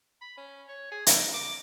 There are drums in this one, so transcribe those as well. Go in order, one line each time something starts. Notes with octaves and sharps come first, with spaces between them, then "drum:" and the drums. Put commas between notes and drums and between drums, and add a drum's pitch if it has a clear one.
B5
C#4
C#5
G#4
D#4, drum: hi-hat
D6